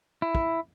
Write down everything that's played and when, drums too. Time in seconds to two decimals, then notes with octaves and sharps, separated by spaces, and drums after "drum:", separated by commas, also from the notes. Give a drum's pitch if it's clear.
0.22 E4
0.35 drum: kick